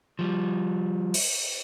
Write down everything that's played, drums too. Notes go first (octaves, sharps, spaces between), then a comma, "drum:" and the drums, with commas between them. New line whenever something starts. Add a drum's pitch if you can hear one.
F3 G3
drum: open hi-hat